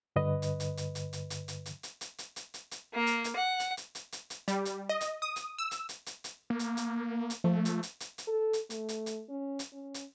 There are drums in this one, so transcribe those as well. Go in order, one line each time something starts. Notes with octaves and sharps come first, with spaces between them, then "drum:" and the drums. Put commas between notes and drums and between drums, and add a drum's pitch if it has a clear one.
G2 D3 B4 D#5
drum: hi-hat
drum: hi-hat
drum: hi-hat
drum: hi-hat
drum: hi-hat
drum: hi-hat
drum: hi-hat
drum: hi-hat
drum: hi-hat
drum: hi-hat
drum: hi-hat
drum: hi-hat
drum: hi-hat
drum: hi-hat
A#3
drum: hi-hat
drum: hi-hat
F#5
drum: hi-hat
drum: hi-hat
drum: hi-hat
drum: hi-hat
drum: hi-hat
G3, drum: hi-hat
drum: hi-hat
D#5
drum: hi-hat
D#6
drum: hi-hat
E6
drum: hi-hat
drum: hi-hat
drum: hi-hat
drum: hi-hat
A#3
drum: hi-hat
drum: hi-hat
drum: hi-hat
F3 A3
drum: hi-hat
drum: hi-hat
drum: hi-hat
drum: hi-hat
A4
drum: hi-hat
A3, drum: hi-hat
drum: hi-hat
drum: hi-hat
C#4
drum: hi-hat
C#4
drum: hi-hat